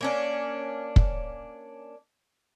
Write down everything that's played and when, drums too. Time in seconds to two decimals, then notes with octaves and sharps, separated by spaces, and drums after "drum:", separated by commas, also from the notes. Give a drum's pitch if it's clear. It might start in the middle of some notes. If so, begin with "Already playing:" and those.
0.01 A#3 C#4 D4
0.96 drum: kick